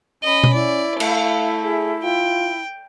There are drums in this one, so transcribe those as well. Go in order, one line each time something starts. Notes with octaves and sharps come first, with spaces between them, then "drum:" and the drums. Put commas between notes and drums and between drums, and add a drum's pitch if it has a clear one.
C#4 D#5 B5
drum: tom B2
E4 D5
A3 F5, drum: cymbal
G#4
F4 G5